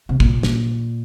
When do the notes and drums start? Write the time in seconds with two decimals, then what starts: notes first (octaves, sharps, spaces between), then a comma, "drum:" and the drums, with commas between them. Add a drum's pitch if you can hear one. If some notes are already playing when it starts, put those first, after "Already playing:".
0.09 C3
0.20 A#2, drum: kick
0.43 drum: snare